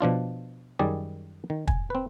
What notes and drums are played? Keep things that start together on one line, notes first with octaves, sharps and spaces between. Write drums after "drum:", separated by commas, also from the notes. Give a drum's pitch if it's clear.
B2 F3 D4 F4
F#2 D#3 G3 G#4 D5
D#3
G#5, drum: kick
C4 B4